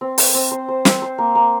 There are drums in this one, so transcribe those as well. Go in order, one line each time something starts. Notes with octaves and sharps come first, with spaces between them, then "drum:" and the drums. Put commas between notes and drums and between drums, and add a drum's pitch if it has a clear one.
C4
C5, drum: open hi-hat
C4
C5
C5
C4, drum: snare
C5
A#3
A#3